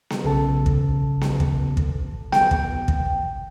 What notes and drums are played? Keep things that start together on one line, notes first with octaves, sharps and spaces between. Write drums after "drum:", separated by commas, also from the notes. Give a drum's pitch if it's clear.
drum: snare B3
B1 C#3 A4 A5
drum: kick
drum: snare B3
drum: kick
drum: kick
G5, drum: snare B3
drum: kick
drum: kick